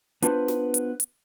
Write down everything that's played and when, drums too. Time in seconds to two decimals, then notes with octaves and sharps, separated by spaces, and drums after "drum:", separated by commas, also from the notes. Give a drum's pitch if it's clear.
0.22 B3 D4 F4 A4 B4 C5, drum: hi-hat
0.48 drum: snare
0.74 drum: hi-hat
1.00 drum: hi-hat